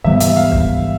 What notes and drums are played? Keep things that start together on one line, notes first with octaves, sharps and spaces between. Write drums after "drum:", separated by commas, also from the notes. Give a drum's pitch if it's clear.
G#2 E3 G3 B3 E5
E5, drum: hi-hat
F5
drum: kick